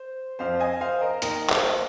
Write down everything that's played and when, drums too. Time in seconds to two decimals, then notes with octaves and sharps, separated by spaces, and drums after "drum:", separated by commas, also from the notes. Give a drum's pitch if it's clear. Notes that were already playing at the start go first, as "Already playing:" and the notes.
Already playing: C5
0.39 F2 F3 C5 F5
0.60 D#5 G#5
0.81 C5 F5
1.01 A#4 D#5
1.22 D#2 D#3 A#4 D#5, drum: hi-hat
1.50 C5 F5, drum: clap